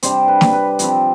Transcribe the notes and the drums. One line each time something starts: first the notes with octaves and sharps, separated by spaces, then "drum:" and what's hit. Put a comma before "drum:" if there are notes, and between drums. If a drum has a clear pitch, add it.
C3 G3 D4 C5, drum: hi-hat
B4
drum: snare
B4
C3 F3 C4, drum: hi-hat